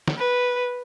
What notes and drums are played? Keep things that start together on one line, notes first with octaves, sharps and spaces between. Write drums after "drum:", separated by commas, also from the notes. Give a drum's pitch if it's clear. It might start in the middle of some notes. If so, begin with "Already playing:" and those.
drum: snare
B4